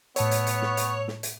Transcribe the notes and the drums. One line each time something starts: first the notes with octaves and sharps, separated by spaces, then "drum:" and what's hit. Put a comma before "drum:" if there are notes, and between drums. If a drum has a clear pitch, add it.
A2 B3 C#5 A5 E6, drum: hi-hat
drum: hi-hat
drum: hi-hat
drum: snare
drum: hi-hat
drum: snare
drum: hi-hat